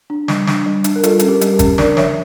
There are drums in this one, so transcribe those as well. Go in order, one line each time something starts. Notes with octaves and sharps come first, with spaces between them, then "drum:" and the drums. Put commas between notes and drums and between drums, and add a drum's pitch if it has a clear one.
D4
G3, drum: snare
D4, drum: snare
G3
D4, drum: hi-hat
A#4
G3 F4 A4, drum: hi-hat
C#4 A4, drum: hi-hat
G4 A#4
G3, drum: hi-hat
G4 A#4
C#4, drum: kick, hi-hat
D4 A#4 D5, drum: snare
F3 C#5 E5, drum: snare